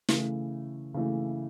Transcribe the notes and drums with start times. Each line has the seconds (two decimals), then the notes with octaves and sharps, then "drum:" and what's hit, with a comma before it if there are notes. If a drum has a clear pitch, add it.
0.09 C#3 E3 A3, drum: snare
0.94 C#3 E3 A3